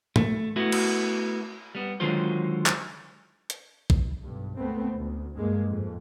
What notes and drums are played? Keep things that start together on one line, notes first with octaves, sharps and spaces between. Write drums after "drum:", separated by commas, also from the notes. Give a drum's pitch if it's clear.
A3, drum: tom G#2
A3 B3 E4 F#4
drum: cymbal
G3 B3
D3 D#3 F#3 G#3 F4 C5
drum: clap
drum: hi-hat
drum: kick A#1
B1 G2
C#2 A3 B3 C4
D2
G2 G#3 A#3
F2 G#2